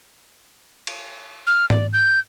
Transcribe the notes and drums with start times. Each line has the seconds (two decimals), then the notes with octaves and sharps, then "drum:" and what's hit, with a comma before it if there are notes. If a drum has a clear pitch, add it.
0.87 drum: cymbal
1.47 F6
1.70 D5, drum: tom G#2
1.93 G6